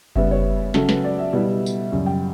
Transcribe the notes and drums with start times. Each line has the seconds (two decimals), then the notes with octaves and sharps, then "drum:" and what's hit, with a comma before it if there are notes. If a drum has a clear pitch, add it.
0.16 C#3 G3 B3 E5, drum: kick F#1
0.31 C#5
0.74 C#3 F#3 C#4 A4, drum: snare
0.89 B4, drum: snare
1.04 D5
1.19 E5
1.33 B2 G3 B3 E4
1.66 drum: tambourine
1.92 F#2 C#3 G3
2.06 G5